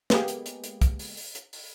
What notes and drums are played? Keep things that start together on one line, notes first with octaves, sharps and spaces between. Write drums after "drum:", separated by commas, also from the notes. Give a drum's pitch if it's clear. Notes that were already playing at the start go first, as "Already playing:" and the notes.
G#3 A#3 B3 G4 G#4, drum: snare
drum: hi-hat
drum: hi-hat
drum: hi-hat
drum: kick, hi-hat
drum: open hi-hat
drum: open hi-hat
drum: hi-hat
drum: open hi-hat